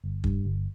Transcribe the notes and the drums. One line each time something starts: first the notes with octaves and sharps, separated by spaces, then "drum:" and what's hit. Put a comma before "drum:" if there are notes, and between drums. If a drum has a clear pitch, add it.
G1
G2, drum: kick
G1